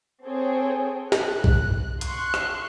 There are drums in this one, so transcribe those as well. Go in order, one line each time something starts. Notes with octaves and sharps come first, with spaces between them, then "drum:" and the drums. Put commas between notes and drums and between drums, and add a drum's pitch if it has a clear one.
C4 G#4 A4 C#5 G5
F#6, drum: snare
drum: kick
C6 C#6 F#6, drum: hi-hat
drum: rim click